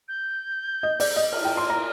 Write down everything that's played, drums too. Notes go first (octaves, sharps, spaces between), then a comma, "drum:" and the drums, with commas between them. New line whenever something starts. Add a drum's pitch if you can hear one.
G6
D#5
D5, drum: open hi-hat
D#5
F6, drum: cymbal
G5
C6
A#5